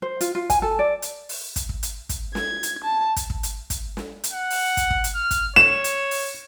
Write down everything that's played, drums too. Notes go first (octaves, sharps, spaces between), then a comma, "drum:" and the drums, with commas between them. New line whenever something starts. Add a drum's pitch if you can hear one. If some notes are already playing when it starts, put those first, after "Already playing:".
C5
F4, drum: hi-hat
F4
G#5, drum: kick, hi-hat
A4
D5
drum: hi-hat
drum: open hi-hat
drum: kick, hi-hat
drum: kick
drum: hi-hat
drum: kick, hi-hat
G#6, drum: snare
drum: hi-hat
A5
drum: kick, hi-hat
drum: kick
drum: hi-hat
drum: kick, hi-hat
drum: snare
drum: hi-hat
F#5
drum: open hi-hat
drum: kick, hi-hat
drum: kick
drum: hi-hat
F6
drum: kick, hi-hat
C#5 E7, drum: snare
drum: hi-hat
drum: open hi-hat